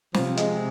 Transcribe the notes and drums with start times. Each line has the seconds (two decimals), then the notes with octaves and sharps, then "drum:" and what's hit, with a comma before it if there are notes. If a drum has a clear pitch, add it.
0.15 C3 F3, drum: snare
0.37 G#3, drum: hi-hat